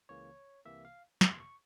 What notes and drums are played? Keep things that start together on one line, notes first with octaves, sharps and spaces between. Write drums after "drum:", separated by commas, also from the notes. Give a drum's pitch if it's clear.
C#2 C#3 E3 A#3 C#5
C2 C3 E3 A#3 E5
F5
G1 F2 C3 E3 A#3 C6, drum: snare
C#6